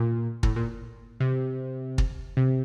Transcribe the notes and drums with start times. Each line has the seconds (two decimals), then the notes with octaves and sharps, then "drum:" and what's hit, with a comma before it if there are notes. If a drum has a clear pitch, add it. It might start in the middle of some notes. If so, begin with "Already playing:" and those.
Already playing: A#2
0.43 A2, drum: kick
0.56 A#2
1.20 C3
1.98 drum: kick
2.37 C3